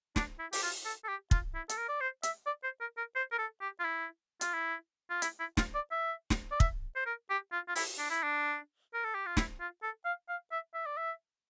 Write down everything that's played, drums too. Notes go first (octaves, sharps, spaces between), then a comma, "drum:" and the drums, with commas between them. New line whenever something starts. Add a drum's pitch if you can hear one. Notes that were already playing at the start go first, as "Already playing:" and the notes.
D4, drum: snare
E4
G4, drum: open hi-hat
F4
A4
A4
G4
F4, drum: kick
E4
A4, drum: hi-hat
A#4
D5
C5
E5, drum: hi-hat
D5
C5
A#4
A#4
C5
A#4
A4
G4
F4
E4
F4, drum: hi-hat
E4
F4
E4, drum: hi-hat
E4
F4, drum: snare
D5
E5
drum: snare
D5
E5, drum: kick
C5
A#4
G4
F4
F4
E4, drum: open hi-hat
D4
E4
D4
A#4
A4
G4
F4
E4, drum: snare
F4
A4
F5
F5
E5
E5
D5
E5